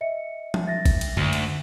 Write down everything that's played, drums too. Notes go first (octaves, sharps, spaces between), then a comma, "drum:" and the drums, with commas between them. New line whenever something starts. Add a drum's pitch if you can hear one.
D#5 E5 C#7
drum: tom F3
E5 A6 A#6
drum: kick G1, cymbal
drum: cymbal
D2, drum: tom F#2
drum: cymbal